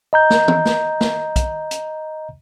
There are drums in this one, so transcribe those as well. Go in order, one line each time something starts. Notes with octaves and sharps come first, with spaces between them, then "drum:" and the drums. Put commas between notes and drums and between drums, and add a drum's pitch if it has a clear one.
D#5 A#5 G6
drum: snare
drum: tom
drum: snare
drum: snare
drum: kick, hi-hat
drum: hi-hat